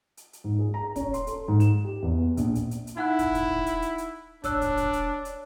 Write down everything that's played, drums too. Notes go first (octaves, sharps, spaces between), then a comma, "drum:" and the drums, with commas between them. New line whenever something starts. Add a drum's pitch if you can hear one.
drum: hi-hat
drum: hi-hat
G#2
G#4
A#5
C#4, drum: kick, hi-hat
C6, drum: hi-hat
A4, drum: hi-hat
G#2
E7, drum: hi-hat
G4
E2
B3
A#1, drum: hi-hat
drum: hi-hat
drum: hi-hat
drum: hi-hat
D#4 E4 F#5 F#6
drum: kick, hi-hat
drum: kick, hi-hat
drum: kick
drum: hi-hat
drum: hi-hat
drum: hi-hat
D4 C#5 E6 F#6, drum: kick, hi-hat
drum: kick, hi-hat
drum: kick, hi-hat
drum: hi-hat
drum: hi-hat